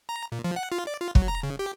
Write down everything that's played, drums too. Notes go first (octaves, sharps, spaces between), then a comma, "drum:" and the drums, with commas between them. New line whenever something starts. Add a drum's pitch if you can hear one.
A#5
A#2
F3
F#5
F4
D5
F4
F#3, drum: kick
A#5
C#3
G4